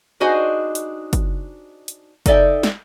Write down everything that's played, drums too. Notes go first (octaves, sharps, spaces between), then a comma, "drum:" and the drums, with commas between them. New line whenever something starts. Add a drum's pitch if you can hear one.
D4 D#4 F#4 G#4 C5 D#5
drum: hi-hat
drum: kick, hi-hat
drum: hi-hat
D#4 A4 D5 E5 G5, drum: kick, hi-hat
drum: snare